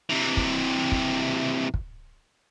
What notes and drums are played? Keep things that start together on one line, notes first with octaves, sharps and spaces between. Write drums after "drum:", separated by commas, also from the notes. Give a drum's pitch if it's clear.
C3 E3
drum: kick
drum: kick
drum: kick